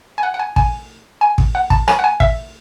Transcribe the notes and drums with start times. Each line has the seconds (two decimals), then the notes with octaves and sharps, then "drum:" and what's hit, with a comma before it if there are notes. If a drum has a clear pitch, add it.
0.18 G#5
0.23 F#5
0.34 F#5
0.39 G#5
0.56 G#5, drum: kick
1.21 G#5
1.38 drum: kick
1.55 F#5
1.70 A5, drum: kick
1.88 G#5, drum: rim click
1.99 F#5
2.04 G#5
2.20 E5, drum: kick